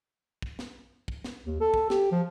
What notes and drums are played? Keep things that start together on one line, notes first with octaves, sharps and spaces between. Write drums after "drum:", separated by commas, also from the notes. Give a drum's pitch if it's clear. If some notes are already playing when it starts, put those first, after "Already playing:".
drum: kick
drum: snare
drum: kick
drum: snare
D#2
A4
drum: kick
G4, drum: snare
F3